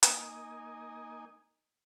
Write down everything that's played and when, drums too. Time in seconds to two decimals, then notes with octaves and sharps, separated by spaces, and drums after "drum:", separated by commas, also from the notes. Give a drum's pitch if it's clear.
0.03 A#3 D#4 D#5 G#5, drum: hi-hat